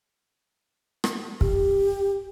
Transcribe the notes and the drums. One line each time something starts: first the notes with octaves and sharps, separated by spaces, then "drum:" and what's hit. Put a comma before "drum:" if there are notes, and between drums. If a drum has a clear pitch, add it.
drum: rim click
G4, drum: kick